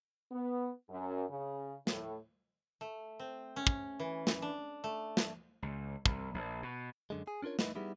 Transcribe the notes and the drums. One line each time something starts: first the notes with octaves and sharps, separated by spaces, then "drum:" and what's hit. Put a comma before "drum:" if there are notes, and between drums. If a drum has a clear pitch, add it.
B3
F#2
C#3
A2, drum: snare
A3
C4
C#4
drum: kick
E3
drum: snare
D4
A3
drum: snare
C#2
C2, drum: kick
A#1
B2
F#2 D3 G#3
G#4
C#4 D4 F4 A#4 C#5
A3 D#4 E4 B4 D#5, drum: snare
G3 B3 D#4 E4 G4 G#4